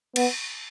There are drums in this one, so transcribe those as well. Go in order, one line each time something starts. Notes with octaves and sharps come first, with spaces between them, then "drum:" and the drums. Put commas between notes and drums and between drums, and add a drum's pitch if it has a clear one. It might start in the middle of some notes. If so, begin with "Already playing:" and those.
B3, drum: cymbal